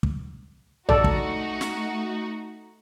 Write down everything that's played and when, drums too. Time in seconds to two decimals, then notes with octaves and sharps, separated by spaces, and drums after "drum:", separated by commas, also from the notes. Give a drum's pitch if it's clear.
0.03 drum: kick
0.89 A3 D#4 F#4 A4 D5, drum: tom A#1
1.04 drum: kick
1.61 drum: snare